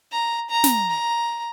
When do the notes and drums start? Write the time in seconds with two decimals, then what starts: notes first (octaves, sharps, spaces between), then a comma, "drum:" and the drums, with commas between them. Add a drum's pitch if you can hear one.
0.12 A#5
0.51 A#5
0.64 drum: snare
0.90 A#5